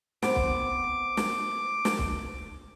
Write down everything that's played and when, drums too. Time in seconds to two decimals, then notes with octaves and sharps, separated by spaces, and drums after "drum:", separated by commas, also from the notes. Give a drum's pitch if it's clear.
0.22 B3 C4 D6, drum: snare
0.36 drum: kick B1
1.17 drum: snare
1.85 drum: snare
1.99 drum: kick B1